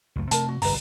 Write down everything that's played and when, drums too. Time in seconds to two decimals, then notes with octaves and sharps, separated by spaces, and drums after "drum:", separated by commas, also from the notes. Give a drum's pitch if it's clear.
0.16 C#2 F#2 A3
0.31 C3 A3 C4 A#4 A5, drum: hi-hat
0.49 F#4
0.62 G1 C2 F#2 B4 A#5, drum: open hi-hat